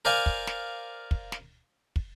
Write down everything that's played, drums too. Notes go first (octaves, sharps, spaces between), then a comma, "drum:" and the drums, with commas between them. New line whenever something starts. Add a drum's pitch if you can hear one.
A#4 C5 D5 F5 G#5
drum: kick
drum: snare
drum: kick
drum: snare
drum: kick